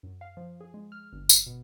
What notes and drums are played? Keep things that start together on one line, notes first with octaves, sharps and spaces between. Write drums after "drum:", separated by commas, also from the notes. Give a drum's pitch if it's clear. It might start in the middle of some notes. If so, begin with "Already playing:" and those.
F#2
F5
F3
G#4
G#3
F6
G1
drum: tambourine
B2